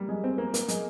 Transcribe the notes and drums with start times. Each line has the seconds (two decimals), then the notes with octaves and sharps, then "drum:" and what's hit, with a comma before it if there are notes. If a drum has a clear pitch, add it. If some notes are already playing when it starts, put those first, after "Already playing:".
Already playing: G3 A#3
0.09 G#3
0.24 C4
0.38 A#3
0.54 A#3, drum: hi-hat
0.68 G#3, drum: hi-hat